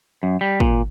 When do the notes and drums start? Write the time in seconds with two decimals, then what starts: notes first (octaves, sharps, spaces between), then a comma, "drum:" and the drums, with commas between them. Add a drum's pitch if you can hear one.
0.23 F#2
0.41 G3
0.60 A#2, drum: kick